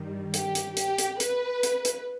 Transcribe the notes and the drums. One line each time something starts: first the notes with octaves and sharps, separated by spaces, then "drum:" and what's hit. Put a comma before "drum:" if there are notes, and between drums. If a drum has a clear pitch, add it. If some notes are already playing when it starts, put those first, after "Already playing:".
Already playing: G2 D#3 G3
G4, drum: hi-hat
drum: hi-hat
G4, drum: hi-hat
drum: hi-hat
B4, drum: hi-hat
drum: hi-hat
drum: hi-hat